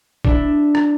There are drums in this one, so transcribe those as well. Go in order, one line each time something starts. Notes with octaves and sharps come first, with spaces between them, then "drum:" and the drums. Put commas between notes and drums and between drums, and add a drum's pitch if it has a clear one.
D4 E4, drum: kick
drum: rim click